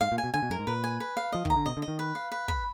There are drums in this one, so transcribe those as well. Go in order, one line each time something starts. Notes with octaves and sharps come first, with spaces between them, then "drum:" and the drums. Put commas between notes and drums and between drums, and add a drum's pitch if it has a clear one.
G#2 F5
A#2
G#5
B2
D3 G#5
B2
F#2 A#4
G#2
A#2 B4
G#5
B4
F5
F3 D#5
D#3, drum: kick
A#5
D3
B2 D#5
D3
D#5
D#3
B4
F5
B4
B5, drum: kick